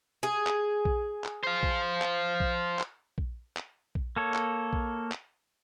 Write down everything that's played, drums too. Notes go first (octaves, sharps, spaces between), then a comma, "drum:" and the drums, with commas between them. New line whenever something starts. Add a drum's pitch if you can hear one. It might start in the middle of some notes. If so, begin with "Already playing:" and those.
G#4
drum: clap
drum: kick A#1
drum: clap
C5 F5
drum: kick A#1
drum: clap
drum: kick A#1
drum: clap
drum: kick A#1
drum: clap
drum: kick A#1
A#3 A4 C#5
drum: clap
drum: kick A#1
drum: clap